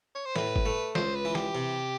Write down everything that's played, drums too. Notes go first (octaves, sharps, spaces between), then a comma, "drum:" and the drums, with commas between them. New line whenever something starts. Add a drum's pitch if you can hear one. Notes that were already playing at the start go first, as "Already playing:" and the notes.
C#5
C5
A2 B4, drum: snare
drum: kick G1
A3
C#2 C5, drum: snare
B4
E3
G4, drum: snare
C3